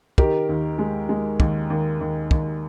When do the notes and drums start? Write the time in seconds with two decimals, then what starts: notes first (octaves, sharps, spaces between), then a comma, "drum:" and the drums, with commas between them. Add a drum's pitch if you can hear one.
0.18 D#3 G4 A#4, drum: kick
0.49 D#2
0.78 G#3
1.09 G#3
1.40 D#2, drum: kick
1.70 D#2
2.01 D#2
2.31 D#2, drum: kick